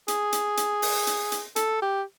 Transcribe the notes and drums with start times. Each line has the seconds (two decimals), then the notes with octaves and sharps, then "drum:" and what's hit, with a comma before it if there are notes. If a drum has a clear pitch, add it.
0.08 G#4, drum: hi-hat
0.33 drum: hi-hat
0.57 drum: hi-hat
0.82 drum: open hi-hat
1.07 drum: hi-hat
1.32 drum: hi-hat
1.56 A4, drum: hi-hat
1.82 G4